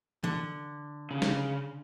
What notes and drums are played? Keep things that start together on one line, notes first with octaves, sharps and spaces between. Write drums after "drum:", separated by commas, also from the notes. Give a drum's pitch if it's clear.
D3, drum: tom E3
C#3
drum: snare